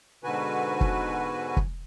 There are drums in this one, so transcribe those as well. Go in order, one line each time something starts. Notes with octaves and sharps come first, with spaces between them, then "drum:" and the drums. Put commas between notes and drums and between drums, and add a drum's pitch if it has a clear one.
G#2 B2 D3 F#4 B4 G#5
drum: kick
drum: kick